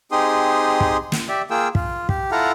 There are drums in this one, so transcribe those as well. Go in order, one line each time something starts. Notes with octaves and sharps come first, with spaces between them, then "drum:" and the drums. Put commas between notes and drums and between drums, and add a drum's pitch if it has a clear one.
C4 D#4 G4 G#4 C6 D#6
drum: kick
drum: snare
G4 D5 E5
A#3 F4 G#4 G5 E6
F4, drum: kick
G4, drum: kick
E4 F4 A4 F5 F#5 A#5